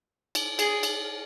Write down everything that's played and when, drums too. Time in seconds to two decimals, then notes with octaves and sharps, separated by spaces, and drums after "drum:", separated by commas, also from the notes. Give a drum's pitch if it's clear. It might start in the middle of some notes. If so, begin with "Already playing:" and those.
0.35 drum: cymbal
0.59 G#4, drum: cymbal
0.83 drum: cymbal